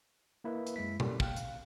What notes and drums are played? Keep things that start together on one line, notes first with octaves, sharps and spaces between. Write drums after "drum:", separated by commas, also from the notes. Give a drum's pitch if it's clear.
A#3 E4 A#4 B4 D#5
drum: hi-hat
F#2 G#3 E4 B6
A#3 C#4 G4 A4 A#4 D5, drum: tom B2
F5 G5 F6 F#6, drum: kick
F5, drum: hi-hat